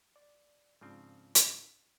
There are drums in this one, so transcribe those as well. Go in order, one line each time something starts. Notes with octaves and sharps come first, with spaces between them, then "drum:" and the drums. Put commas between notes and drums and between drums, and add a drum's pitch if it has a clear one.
D5
G#2 C#3 F3 C4 D4 F4
drum: hi-hat